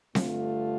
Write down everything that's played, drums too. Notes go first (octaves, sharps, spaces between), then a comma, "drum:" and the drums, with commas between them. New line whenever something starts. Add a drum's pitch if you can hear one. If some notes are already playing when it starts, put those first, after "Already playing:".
G2 D3 A3 F4, drum: snare C4